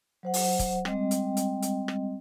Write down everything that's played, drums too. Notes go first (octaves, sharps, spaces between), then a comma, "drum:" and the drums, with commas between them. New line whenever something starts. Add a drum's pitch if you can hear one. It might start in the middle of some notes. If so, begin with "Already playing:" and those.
F#3 C5 F#5
drum: open hi-hat
drum: kick, hi-hat
G3 G#3 C4 D#5 G5, drum: rim click
drum: hi-hat
drum: hi-hat
drum: hi-hat
drum: rim click